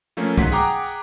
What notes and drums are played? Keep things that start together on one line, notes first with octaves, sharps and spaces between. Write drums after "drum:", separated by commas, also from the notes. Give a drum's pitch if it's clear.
F3 A3 A#3 C#4
G#2 F#3 F#5 B6, drum: kick
G#4 F#5 G5 A#5 D6